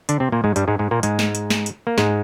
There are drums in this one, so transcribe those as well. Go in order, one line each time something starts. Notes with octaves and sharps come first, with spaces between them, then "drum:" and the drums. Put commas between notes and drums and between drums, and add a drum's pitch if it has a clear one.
D3 D4, drum: hi-hat
C3 C4
A#2 A#3
G#2 G#3
G2 G3, drum: hi-hat
G#2 G#3
G#2 G#3
A#2 A#3
G#2 G#3, drum: hi-hat
drum: snare
drum: hi-hat
drum: snare
drum: hi-hat
A#3
G#2 G#3, drum: snare